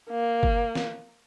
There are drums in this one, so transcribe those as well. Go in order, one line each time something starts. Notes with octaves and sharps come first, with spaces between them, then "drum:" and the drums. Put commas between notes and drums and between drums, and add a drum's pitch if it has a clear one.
A#3
drum: kick G1
drum: snare